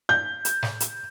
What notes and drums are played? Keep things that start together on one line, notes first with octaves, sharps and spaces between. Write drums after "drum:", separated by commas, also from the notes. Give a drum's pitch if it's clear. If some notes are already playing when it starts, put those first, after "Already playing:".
G6
drum: hi-hat
drum: snare
drum: hi-hat